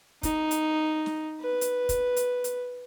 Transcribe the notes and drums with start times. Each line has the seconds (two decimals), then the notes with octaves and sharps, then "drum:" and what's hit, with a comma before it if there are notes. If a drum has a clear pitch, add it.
0.23 D#4, drum: kick, hi-hat
0.51 drum: hi-hat
1.06 drum: snare
1.41 B4
1.61 drum: hi-hat
1.89 drum: kick, hi-hat
2.16 drum: hi-hat
2.44 drum: hi-hat